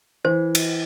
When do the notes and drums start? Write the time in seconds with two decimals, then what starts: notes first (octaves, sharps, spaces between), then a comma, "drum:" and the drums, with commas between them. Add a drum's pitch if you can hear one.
0.24 E3 C5
0.55 drum: cymbal